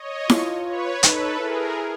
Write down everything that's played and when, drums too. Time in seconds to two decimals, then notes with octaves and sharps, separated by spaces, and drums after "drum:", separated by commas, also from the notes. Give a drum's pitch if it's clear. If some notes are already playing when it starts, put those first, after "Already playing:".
Already playing: C#5 D#5
0.30 F4, drum: snare E4
0.67 B4 C#5
1.03 D#4 A4 B4, drum: hi-hat
1.40 E4 G#4 A#4